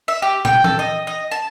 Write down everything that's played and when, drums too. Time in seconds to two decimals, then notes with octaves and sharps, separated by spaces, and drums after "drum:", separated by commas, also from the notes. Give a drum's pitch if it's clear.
0.08 E5
0.22 G4
0.45 G5, drum: tom
0.64 A4, drum: tom E3
0.79 D#5
1.07 D#5
1.31 A5